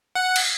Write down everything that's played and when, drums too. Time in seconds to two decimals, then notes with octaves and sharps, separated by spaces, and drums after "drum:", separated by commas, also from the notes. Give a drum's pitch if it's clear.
0.15 F#5
0.36 drum: cymbal